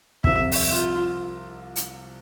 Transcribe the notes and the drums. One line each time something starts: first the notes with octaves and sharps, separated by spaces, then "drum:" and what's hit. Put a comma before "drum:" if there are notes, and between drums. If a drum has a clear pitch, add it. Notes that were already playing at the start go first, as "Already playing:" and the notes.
C2 C3 F3 E5, drum: kick
drum: open hi-hat
F4
drum: hi-hat